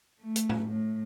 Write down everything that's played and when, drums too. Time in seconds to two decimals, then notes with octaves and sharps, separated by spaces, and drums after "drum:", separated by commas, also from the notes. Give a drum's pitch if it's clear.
0.22 A3
0.36 drum: hi-hat
0.49 drum: tom
0.71 A2